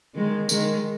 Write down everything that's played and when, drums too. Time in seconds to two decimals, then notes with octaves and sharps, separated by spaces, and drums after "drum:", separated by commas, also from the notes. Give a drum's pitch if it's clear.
0.15 D#3 G#3
0.49 D#3 G#3, drum: tambourine